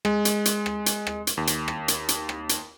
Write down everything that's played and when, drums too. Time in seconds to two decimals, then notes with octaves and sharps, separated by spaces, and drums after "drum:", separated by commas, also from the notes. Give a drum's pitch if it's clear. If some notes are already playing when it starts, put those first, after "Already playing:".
0.05 G#3, drum: rim click
0.25 drum: hi-hat
0.45 drum: hi-hat
0.66 drum: rim click
0.86 drum: hi-hat
1.07 drum: rim click
1.27 drum: hi-hat
1.37 D#2
1.47 drum: hi-hat
1.68 drum: rim click
1.88 drum: hi-hat
2.08 drum: hi-hat
2.29 drum: rim click
2.49 drum: hi-hat